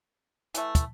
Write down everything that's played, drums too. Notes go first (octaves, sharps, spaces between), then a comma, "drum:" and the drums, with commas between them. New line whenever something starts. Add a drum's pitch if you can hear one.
E3 A3, drum: hi-hat
drum: kick, hi-hat